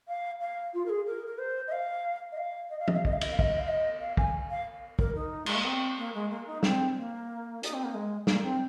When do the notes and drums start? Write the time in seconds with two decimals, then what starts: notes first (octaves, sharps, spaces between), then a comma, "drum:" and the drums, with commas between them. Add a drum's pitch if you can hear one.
0.08 F5
0.41 F5
0.74 F4
0.86 A#4
0.89 G#4
1.06 A#4
1.27 A#4
1.38 C5
1.68 D#5
1.72 F5
2.32 D#5
2.37 F5
2.70 D#5
2.79 F5
2.88 D#5, drum: tom F3
2.96 F5
3.05 D#5, drum: kick
3.13 F5
3.21 D#5, drum: cymbal
3.31 F5
3.39 D#5, drum: kick
3.59 F5
3.68 D#5
4.01 F5
4.17 G#5, drum: kick
4.51 F5
4.99 A#4, drum: kick
5.16 D#4
5.46 G#3, drum: cymbal
5.55 A#3
5.65 C4
5.98 A#3
6.14 G#3
6.30 A#3
6.47 D#4
6.63 C4, drum: snare
6.96 A#3
7.63 D#4, drum: hi-hat
7.74 C4
7.84 A#3
7.94 G#3
8.27 A#3, drum: snare
8.43 C4